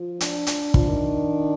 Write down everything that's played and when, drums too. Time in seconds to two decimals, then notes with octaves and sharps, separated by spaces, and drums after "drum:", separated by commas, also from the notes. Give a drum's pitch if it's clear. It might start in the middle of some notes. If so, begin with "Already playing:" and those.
Already playing: F3
0.20 D4, drum: hi-hat
0.47 drum: hi-hat
0.74 F3, drum: kick
0.88 D#3